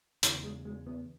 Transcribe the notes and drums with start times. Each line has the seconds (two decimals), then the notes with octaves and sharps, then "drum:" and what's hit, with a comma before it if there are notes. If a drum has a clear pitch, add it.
0.23 E2 C#3 E3, drum: hi-hat
0.44 G#3
0.65 G#3
0.87 B3